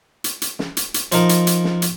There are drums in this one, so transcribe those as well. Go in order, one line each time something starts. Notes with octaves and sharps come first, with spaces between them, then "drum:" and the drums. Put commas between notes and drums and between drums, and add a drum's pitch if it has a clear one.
drum: hi-hat
drum: hi-hat
drum: snare
drum: hi-hat
drum: hi-hat
F3 D#4 A#4, drum: hi-hat
drum: hi-hat
drum: hi-hat
drum: snare
drum: hi-hat